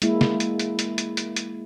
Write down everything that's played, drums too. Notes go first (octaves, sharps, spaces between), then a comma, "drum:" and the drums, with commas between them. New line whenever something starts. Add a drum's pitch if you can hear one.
G#3 A#3 E4, drum: hi-hat
drum: snare
drum: hi-hat
drum: hi-hat
drum: hi-hat
drum: hi-hat
drum: hi-hat
drum: hi-hat